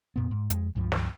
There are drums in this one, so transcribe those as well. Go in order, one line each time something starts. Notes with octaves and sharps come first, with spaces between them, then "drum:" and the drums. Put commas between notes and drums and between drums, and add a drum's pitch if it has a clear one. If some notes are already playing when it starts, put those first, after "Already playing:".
F2 A#2 B3
G#2
F2 G#3, drum: hi-hat
C#2 G2 F3
drum: snare